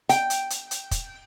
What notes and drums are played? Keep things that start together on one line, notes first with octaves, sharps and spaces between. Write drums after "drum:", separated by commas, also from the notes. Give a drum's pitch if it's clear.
G5, drum: hi-hat
drum: hi-hat
drum: hi-hat
drum: hi-hat
drum: kick, hi-hat